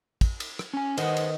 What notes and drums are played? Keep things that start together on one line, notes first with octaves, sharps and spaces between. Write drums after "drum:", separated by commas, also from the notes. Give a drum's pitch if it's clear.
drum: kick, cymbal
drum: cymbal
drum: rim click
C#4 G#5
D#3 B3 C5 D#5 F#5, drum: cymbal
drum: cymbal